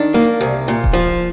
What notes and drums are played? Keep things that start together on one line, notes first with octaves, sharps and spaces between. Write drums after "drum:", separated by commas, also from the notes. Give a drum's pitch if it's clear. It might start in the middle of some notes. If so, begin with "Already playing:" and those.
Already playing: D#3 D4
A#3, drum: snare
C2
A#2
drum: kick D#1
F3